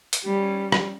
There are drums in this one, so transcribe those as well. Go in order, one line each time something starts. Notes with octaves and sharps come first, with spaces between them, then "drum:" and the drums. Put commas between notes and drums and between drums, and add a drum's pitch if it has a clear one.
drum: hi-hat
G3 C#4
drum: rim click